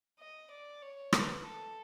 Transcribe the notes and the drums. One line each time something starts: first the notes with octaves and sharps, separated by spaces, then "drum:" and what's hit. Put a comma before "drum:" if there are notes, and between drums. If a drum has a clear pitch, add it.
D#5
D5
C#5
B4, drum: rim click
A4